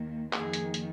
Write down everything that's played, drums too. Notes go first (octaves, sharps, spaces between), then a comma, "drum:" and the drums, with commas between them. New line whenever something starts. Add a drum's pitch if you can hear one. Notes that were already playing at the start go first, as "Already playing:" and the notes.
Already playing: D#2 D#3 A#3
F2 D#3 A#3 G#4, drum: clap
drum: hi-hat
drum: hi-hat